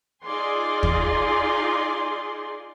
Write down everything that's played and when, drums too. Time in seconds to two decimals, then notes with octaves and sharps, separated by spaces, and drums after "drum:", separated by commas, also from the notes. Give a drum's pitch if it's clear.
0.25 D#4 F4 G#4 D5 G#5 C6
0.83 drum: kick